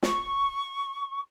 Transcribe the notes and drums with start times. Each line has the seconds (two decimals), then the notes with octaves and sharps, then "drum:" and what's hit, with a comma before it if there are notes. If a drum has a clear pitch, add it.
0.03 C#6, drum: snare